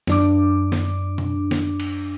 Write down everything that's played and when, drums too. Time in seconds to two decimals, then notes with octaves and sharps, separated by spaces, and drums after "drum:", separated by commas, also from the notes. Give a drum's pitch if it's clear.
0.07 F#2 D4 D6, drum: snare
0.72 drum: snare
1.18 drum: tom B2
1.51 drum: snare
1.80 drum: cymbal